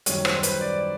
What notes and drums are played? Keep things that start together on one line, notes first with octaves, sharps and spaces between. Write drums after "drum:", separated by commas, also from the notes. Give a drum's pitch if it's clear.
F#2 D#3 G3 C#5, drum: hi-hat
C5, drum: rim click
C5
B4, drum: hi-hat
D5